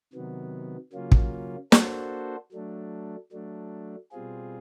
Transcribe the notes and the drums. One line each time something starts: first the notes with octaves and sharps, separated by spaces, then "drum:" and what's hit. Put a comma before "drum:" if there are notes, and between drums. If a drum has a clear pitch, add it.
C3 D#3 F#3 B3
C#3 F#3 A#3 C#4 F4
drum: kick
A#3 D4 F#4 A4 C5, drum: snare
F#3 A3 D4
F#3 A3 D4
B2 G3 C4 F4 G#4